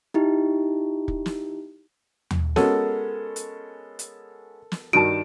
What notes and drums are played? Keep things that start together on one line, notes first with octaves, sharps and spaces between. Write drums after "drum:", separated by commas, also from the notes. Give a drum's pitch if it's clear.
D#4 E4 G4
drum: kick
drum: snare
drum: tom
G#3 B3 C#4 F#4 A4 A#4, drum: snare
drum: hi-hat
drum: hi-hat
drum: snare
G2 D#3 F#4 A5 D7